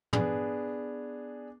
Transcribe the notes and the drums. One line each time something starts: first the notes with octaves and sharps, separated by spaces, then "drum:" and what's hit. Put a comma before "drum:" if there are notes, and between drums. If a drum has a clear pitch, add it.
B3 D4 G#4, drum: tom